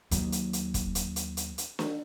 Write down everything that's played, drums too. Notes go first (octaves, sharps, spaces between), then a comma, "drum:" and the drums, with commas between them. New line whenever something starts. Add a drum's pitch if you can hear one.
D#2 F#3, drum: hi-hat
drum: hi-hat
drum: hi-hat
drum: kick, hi-hat
drum: hi-hat
drum: hi-hat
drum: hi-hat
drum: hi-hat
drum: snare